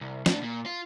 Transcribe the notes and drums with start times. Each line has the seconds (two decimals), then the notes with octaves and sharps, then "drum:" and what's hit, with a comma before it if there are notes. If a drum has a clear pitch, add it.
0.01 C2
0.26 A2 D4, drum: snare
0.43 A#2
0.66 F4